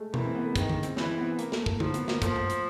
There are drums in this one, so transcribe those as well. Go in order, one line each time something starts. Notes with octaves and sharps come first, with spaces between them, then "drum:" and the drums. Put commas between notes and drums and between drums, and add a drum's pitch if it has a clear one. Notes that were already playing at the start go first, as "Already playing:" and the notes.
Already playing: G#3 A3
E3 A#3, drum: tom B2
C4
B3
A3
D#3 G#3, drum: kick, hi-hat
drum: tom D3
C4, drum: hi-hat
E3 C4, drum: snare
B3
A#3, drum: hi-hat
A3, drum: snare
A3, drum: kick
F3 A#3, drum: tom D3
B3, drum: hi-hat
A#3, drum: snare
F3 A3, drum: kick, hi-hat
drum: tom F#2
drum: hi-hat